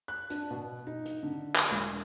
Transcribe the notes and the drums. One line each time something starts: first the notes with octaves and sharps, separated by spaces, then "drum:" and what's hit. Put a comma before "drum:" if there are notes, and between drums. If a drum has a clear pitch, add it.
F#6
D4, drum: hi-hat
B2
D#4
drum: hi-hat
D3
drum: clap
E1
drum: hi-hat